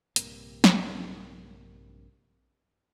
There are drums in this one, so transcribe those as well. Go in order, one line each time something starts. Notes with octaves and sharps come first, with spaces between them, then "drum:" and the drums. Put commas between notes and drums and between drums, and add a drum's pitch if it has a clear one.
A#1 G2 C3 A#3, drum: hi-hat
drum: snare